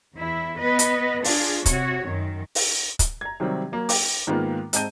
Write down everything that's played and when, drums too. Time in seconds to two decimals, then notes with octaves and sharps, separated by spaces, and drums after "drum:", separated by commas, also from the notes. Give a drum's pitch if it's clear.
0.14 E2 E4
0.58 B3 B4 D#5
0.79 drum: hi-hat
1.24 D4 F4 G#4, drum: open hi-hat
1.66 C3 F#4 C#5, drum: kick, hi-hat
2.08 F#2 D#3
2.55 drum: open hi-hat
2.99 drum: kick, hi-hat
3.21 A#5 G#6
3.40 C3 D#3 F#3 G3 C4
3.72 F#3 A#3
3.89 G5 D6, drum: open hi-hat
4.27 G#2 D#3 G#3 A#3 B3 F4
4.73 G#2 C4 D#5 A5 G6 D#7, drum: hi-hat